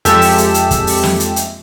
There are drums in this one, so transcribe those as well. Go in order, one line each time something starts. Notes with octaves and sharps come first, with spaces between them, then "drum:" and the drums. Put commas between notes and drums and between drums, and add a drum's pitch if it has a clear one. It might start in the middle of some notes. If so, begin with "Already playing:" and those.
F2 G#3 G4 A4 E5 E6, drum: hi-hat
drum: open hi-hat
drum: hi-hat
drum: hi-hat
drum: kick, hi-hat
drum: open hi-hat
drum: snare
drum: hi-hat
drum: hi-hat